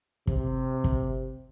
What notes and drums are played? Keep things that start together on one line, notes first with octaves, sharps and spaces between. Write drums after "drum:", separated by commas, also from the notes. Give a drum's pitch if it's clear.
C3, drum: kick
drum: kick